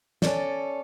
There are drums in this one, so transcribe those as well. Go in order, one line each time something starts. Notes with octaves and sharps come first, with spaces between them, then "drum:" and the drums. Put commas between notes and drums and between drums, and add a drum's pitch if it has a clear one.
C#4 A4 D5, drum: snare